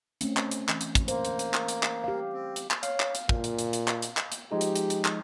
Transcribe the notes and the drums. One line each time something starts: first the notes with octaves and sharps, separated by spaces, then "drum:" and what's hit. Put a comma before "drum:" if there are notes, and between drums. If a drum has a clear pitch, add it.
A3 C4 C#4, drum: hi-hat
drum: clap
drum: hi-hat
E3, drum: clap
drum: hi-hat
drum: kick, hi-hat
A#3 C5, drum: hi-hat
drum: hi-hat
drum: hi-hat
drum: clap
drum: hi-hat
drum: clap
G4 F5
C4
drum: hi-hat
drum: clap
C#5 F5, drum: hi-hat
drum: clap
drum: hi-hat
A#2, drum: kick
drum: hi-hat
drum: hi-hat
drum: hi-hat
drum: clap
drum: hi-hat
drum: clap
drum: hi-hat
F3 G#3 D#4 G4
drum: hi-hat
drum: hi-hat
drum: hi-hat
drum: clap